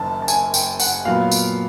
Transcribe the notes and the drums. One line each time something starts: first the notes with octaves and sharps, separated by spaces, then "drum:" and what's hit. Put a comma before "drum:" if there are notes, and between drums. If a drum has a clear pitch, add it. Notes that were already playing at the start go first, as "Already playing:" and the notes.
Already playing: F#1 F#2 D#3 A5
A5
G#5, drum: tambourine
G5, drum: tambourine
F#5, drum: tambourine
A#2 F#3 B3 F5
drum: tambourine